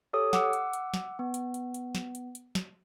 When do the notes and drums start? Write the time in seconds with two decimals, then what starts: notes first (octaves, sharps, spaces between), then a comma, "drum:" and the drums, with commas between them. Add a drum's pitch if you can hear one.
0.13 G4 A4 C#5 D#6
0.33 F#5 D6 E6, drum: snare
0.53 drum: hi-hat
0.73 drum: hi-hat
0.94 drum: snare
1.19 B3
1.34 drum: hi-hat
1.54 drum: hi-hat
1.74 drum: hi-hat
1.95 drum: snare
2.15 drum: hi-hat
2.35 drum: hi-hat
2.55 drum: snare